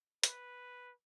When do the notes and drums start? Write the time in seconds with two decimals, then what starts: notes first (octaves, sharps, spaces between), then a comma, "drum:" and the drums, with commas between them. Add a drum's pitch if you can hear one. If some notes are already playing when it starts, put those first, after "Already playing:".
0.23 B4, drum: hi-hat